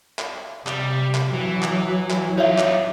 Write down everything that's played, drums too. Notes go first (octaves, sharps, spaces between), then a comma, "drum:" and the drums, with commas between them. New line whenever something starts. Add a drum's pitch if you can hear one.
drum: clap
C3 G3, drum: clap
drum: clap
E3 F#3
drum: clap
drum: clap
D#4 F4 C#5 E5
drum: clap